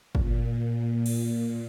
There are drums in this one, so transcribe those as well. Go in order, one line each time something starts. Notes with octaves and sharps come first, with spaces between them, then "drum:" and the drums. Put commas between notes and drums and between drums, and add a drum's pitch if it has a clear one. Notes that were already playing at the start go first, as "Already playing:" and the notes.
A#2, drum: kick
A#2
drum: cymbal